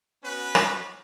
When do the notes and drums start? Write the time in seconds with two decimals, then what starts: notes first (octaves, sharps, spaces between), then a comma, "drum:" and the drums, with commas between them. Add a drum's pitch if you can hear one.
0.24 B3 C#4 F#4 B4
0.55 drum: rim click